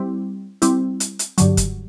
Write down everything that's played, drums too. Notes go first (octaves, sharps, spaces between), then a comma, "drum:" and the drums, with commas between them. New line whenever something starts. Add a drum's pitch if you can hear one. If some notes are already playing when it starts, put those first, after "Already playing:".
Already playing: G3 C4 E4
G3 C4 E4, drum: hi-hat
drum: hi-hat
drum: hi-hat
G2 D3 F#3, drum: hi-hat
drum: kick, hi-hat